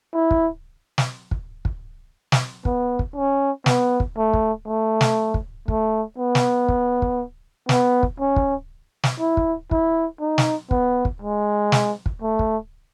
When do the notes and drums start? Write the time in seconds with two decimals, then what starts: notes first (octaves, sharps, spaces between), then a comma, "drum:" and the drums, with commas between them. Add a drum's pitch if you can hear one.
0.13 E4
0.31 drum: kick
0.98 drum: snare
1.31 drum: kick
1.65 drum: kick
2.32 drum: snare
2.65 B3, drum: kick
2.99 drum: kick
3.16 C#4
3.66 B3, drum: snare
4.00 drum: kick
4.17 A3
4.34 drum: kick
4.68 A3
5.01 drum: snare
5.34 drum: kick
5.68 A3, drum: kick
6.18 B3
6.35 drum: snare
6.69 drum: kick
7.02 drum: kick
7.69 B3, drum: snare
8.03 drum: kick
8.20 C#4
8.36 drum: kick
9.04 drum: snare
9.20 E4
9.37 drum: kick
9.71 E4, drum: kick
10.20 D#4
10.38 drum: snare
10.71 B3, drum: kick
11.05 drum: kick
11.22 G#3
11.72 drum: snare
12.06 drum: kick
12.22 A3
12.39 drum: kick